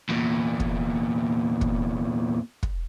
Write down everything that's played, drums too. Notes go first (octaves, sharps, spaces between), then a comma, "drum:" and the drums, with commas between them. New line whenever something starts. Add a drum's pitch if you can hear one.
E2 A#2
drum: kick
drum: kick
drum: kick